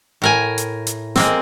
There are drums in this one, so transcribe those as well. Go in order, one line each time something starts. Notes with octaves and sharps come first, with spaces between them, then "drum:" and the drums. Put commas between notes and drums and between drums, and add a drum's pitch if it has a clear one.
A2 A#4 G#5
drum: hi-hat
drum: hi-hat
G#3 A#3 C4, drum: snare